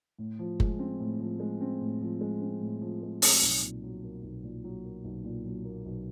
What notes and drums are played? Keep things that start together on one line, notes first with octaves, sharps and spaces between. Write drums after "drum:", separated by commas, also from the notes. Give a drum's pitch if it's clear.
A2
F3
G#3, drum: kick F#1
C4
A2
F3
G#3
C4
A2
F3
G#3
C4
A2
F3
G#3
C4, drum: open hi-hat
B1
A#2
F#3
A#3
B1
A#2
F#3
A#3
B1
A#2
F#3
A#3
B1